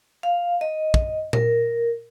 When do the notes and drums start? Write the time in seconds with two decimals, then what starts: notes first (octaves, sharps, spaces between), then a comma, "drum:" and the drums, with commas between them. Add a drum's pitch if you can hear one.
0.23 F5
0.61 D#5
0.94 drum: kick
1.33 A#4, drum: tom A#2